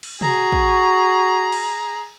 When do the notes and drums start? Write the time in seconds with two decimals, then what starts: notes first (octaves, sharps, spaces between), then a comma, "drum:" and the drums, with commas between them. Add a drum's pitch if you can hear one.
0.03 drum: cymbal
0.21 F#4 G#4 A#5, drum: tom
0.52 drum: kick
1.52 drum: cymbal